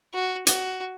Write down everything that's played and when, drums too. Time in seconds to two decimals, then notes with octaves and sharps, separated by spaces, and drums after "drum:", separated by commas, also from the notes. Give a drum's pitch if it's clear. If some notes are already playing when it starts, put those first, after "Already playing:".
0.14 F#4
0.47 F#4, drum: hi-hat